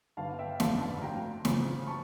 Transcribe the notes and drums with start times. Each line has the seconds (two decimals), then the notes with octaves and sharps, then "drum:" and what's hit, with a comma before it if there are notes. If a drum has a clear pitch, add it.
0.17 G1 F5 A5
0.39 E5 G5
0.60 F2 D3 F5 A5, drum: snare
0.81 F5 A5
1.02 D2 G5 A#5
1.45 C#3 F3, drum: snare
1.87 A5 C#6